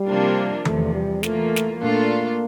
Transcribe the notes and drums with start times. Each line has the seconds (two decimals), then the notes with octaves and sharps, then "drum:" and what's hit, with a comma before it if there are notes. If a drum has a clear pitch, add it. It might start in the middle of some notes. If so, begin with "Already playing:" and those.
Already playing: G3
0.08 C3 F3 A#3 D4 F4
0.65 E2 C3 F3 A3, drum: tom D#3
0.94 G3
1.23 E3 A3 A#3 F4, drum: snare
1.56 drum: snare
1.81 A#2 A3 A#3 D4 F4 A4